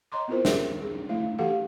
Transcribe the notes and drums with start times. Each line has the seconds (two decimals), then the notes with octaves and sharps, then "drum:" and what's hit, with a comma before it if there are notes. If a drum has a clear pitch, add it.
0.12 C#5 D#5 A#5 C6 D6
0.28 B3 C4 E4 F4 A#4 C5
0.45 F#4 G#4 A#4 E5, drum: snare
0.82 G#4
1.09 A3 E4 F5
1.39 E3 F#4 G4 A4 F5 F#5